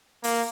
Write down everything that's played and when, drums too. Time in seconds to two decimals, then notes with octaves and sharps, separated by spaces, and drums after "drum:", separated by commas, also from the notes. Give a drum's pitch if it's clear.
0.24 A#3, drum: open hi-hat